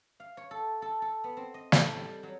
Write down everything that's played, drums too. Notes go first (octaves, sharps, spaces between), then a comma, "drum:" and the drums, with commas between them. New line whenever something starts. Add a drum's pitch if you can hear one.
F5
C#5
A4
A4
A4
B3
C4
D#5
A2, drum: snare
G3
F#3